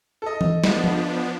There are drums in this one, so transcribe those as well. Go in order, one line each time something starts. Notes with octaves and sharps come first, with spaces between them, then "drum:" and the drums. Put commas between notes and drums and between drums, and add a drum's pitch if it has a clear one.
A4 D#5
drum: tom E3
F3 B3 D4, drum: snare
drum: tom F3